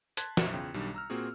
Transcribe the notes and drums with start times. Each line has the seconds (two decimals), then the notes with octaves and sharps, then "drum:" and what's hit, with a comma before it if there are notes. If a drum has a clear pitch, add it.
0.17 A5 C6 F#6 G#6 B6, drum: hi-hat
0.37 B1 F#2 C5 E5 C#7 E7, drum: snare
0.53 E2 C#3 F4 G5
0.74 B1 D#3 G3 D4
0.94 A#5 E6 F6
1.10 A#2 A#3 C4 F4 F#4 G#4